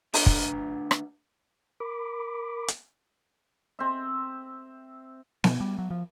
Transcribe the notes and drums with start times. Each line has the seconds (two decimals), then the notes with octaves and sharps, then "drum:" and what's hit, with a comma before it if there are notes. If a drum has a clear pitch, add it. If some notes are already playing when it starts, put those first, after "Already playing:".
0.14 D2 D4 B4 A#5, drum: open hi-hat
0.26 drum: kick
0.91 drum: rim click
1.80 A#4 B5 D6
2.68 drum: hi-hat
3.79 C4 E5
5.44 B2, drum: snare B3
5.60 G3
5.79 F#3
5.91 F3